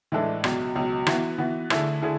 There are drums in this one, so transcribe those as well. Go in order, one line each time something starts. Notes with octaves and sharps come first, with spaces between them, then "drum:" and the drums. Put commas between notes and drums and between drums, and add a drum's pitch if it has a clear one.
A2 E3 G#3 D4 A4
C#2 B2 F#3, drum: rim click
C#2 B2 F#3
E3 B3 F#4, drum: rim click
E3 B3 F#4
D3 A3 E4 G#4, drum: rim click
D3 A3 E4 G#4